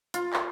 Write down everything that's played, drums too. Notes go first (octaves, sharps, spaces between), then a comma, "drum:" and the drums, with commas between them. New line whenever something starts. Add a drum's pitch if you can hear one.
F4, drum: hi-hat
drum: clap